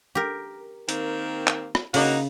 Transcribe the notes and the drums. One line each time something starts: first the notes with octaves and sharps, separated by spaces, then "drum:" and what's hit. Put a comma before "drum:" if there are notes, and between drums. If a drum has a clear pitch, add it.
G4 A#4
D#3 A#3 C4, drum: hi-hat
drum: clap
drum: rim click
C#3 A#3 D#4 F#4, drum: open hi-hat